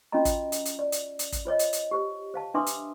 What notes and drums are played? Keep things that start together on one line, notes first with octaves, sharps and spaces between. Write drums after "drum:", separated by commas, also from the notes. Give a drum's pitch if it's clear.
C#4 F4 F#4 D#5 A#5
drum: kick, hi-hat
drum: hi-hat
drum: hi-hat
D5
drum: hi-hat
drum: hi-hat
drum: kick, hi-hat
F4 C5 C#5 D#5
drum: hi-hat
drum: hi-hat
G4 C5
C5 F5 A5
D4 B4 E5 C6 D6 D#6
drum: hi-hat